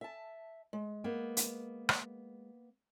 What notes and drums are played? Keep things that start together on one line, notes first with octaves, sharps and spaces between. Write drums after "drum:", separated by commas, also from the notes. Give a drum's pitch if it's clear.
E5 A5
G#3
A#3 B3
drum: hi-hat
drum: rim click